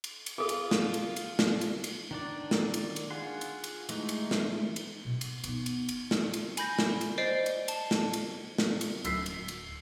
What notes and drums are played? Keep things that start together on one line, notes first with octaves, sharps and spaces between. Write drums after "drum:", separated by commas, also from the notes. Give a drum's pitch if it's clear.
drum: cymbal
drum: cymbal
F4 G#4 A4
drum: cymbal
drum: snare
drum: cymbal
drum: cymbal
drum: snare
drum: cymbal
drum: cymbal
D#3 D4 D5
drum: snare
drum: cymbal
drum: cymbal
F4 G#4 F#5 C6
drum: cymbal
drum: cymbal
E3 G#3 A3 D#4, drum: cymbal
drum: cymbal
drum: snare
drum: cymbal
B2
drum: cymbal
B3 D#4, drum: cymbal
drum: cymbal
drum: cymbal
drum: snare
drum: cymbal
G#5 B5 G6 A#6, drum: cymbal
drum: snare
drum: cymbal
C5 D5 D#5 C7 D7
drum: cymbal
A5, drum: cymbal
drum: snare
drum: cymbal
drum: snare
drum: cymbal
D1 E6 B6 C7, drum: cymbal
drum: cymbal
drum: cymbal